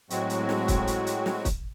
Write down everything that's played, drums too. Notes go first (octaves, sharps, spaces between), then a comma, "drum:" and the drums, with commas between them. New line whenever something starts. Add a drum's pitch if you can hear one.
A2 F#3 G#3 C4 F#4, drum: hi-hat
drum: hi-hat
drum: snare
drum: kick, hi-hat
drum: hi-hat
drum: hi-hat
drum: snare
drum: kick, hi-hat